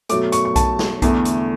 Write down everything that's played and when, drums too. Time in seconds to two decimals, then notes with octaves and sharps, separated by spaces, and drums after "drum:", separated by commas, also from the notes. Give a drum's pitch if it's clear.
0.09 B2 F#3 A3 D6, drum: hi-hat
0.32 C#6, drum: hi-hat
0.45 C#6
0.56 A5, drum: kick B1, hi-hat
0.79 drum: snare
1.02 E2 D3 A3, drum: kick B1, hi-hat
1.25 drum: hi-hat